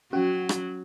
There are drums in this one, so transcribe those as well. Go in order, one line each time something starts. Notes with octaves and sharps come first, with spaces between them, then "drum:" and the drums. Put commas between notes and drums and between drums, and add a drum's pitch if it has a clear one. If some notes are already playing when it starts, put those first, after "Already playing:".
F#3 C#4 F#4
drum: rim click